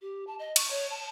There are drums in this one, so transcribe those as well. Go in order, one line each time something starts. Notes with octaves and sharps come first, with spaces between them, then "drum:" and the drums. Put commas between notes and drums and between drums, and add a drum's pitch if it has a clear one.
G4
A5
D#5
C#6, drum: cymbal
C#5
A5